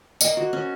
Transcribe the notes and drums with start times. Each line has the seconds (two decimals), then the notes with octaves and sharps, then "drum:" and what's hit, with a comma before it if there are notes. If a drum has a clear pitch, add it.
0.21 A#3 D#5, drum: tambourine
0.37 F#4
0.53 C#4